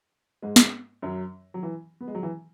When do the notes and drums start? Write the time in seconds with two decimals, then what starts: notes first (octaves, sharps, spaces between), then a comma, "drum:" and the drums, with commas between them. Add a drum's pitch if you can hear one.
0.42 G#2 G#3
0.56 drum: snare
1.02 F#2 F#3
1.54 F#3
1.63 E3
2.01 B3
2.08 G#3
2.15 F#3
2.23 E3